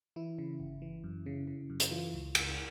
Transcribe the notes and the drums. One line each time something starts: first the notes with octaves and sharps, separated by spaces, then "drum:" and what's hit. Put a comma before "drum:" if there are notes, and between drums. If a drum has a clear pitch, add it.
E3 E4
C#3
G1
E3
F#2
C#3
C#3
F#2
drum: hi-hat
E3 F4
C#2
C#2, drum: cymbal